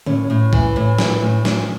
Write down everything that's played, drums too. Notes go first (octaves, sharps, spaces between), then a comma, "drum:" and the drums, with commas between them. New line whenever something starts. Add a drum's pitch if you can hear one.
A2 C#4, drum: tom D3
A2
E3, drum: kick
A2
E3, drum: snare
A2
A2, drum: snare